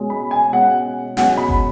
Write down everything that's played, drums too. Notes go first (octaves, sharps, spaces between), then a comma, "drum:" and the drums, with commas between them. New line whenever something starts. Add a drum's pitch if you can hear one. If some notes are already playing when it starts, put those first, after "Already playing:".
Already playing: B2 G#3 C#4
B5
G#5
B2 G#3 C#4 F#5
B2 G#3 C#4 F#5, drum: snare
B5
drum: kick G1